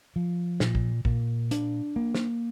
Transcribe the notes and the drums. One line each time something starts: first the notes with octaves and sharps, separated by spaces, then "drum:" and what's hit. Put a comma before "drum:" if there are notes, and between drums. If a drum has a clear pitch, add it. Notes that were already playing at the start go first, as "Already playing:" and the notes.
F3
A#2, drum: snare
drum: kick
A#2, drum: kick
D4, drum: hi-hat
A#3
drum: snare